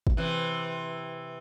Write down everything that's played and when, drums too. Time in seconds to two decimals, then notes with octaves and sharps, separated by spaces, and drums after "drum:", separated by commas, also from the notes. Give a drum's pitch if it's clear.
0.07 drum: kick
0.17 C3 E3